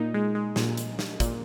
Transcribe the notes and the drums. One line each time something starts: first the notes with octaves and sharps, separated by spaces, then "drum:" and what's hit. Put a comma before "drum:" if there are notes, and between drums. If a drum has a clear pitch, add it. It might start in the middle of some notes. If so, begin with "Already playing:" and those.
Already playing: A#2 D#4
G#3
G#3
A#2, drum: snare
drum: hi-hat
drum: snare
A#2, drum: kick, hi-hat